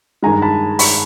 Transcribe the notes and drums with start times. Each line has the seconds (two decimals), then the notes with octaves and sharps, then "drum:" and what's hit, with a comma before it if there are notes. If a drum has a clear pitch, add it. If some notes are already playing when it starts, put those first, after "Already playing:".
0.22 G2 D#3 G#3 G#5 A#5
0.42 A5 B5
0.79 B5 C#6, drum: open hi-hat